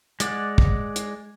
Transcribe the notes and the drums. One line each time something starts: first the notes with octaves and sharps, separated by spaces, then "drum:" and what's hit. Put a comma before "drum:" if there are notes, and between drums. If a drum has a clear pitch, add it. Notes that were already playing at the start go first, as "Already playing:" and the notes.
G#3 D5 F#5, drum: hi-hat
drum: kick
drum: hi-hat